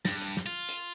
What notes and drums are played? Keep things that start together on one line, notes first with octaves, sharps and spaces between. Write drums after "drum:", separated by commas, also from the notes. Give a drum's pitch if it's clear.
G2, drum: snare
drum: hi-hat
drum: snare
F4
drum: hi-hat